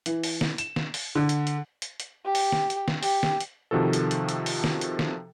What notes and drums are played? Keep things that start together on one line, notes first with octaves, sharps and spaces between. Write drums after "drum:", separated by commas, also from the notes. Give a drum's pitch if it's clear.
E3, drum: hi-hat
drum: open hi-hat
drum: snare
E7, drum: hi-hat
drum: snare
drum: open hi-hat
D3
drum: hi-hat
drum: hi-hat
drum: hi-hat
drum: hi-hat
G4
drum: open hi-hat
drum: snare
drum: hi-hat
drum: snare
G4, drum: open hi-hat
drum: snare
drum: hi-hat
C3 D#3 F3 F#4 A4
drum: hi-hat
drum: hi-hat
drum: hi-hat
drum: open hi-hat
drum: snare
drum: hi-hat
drum: snare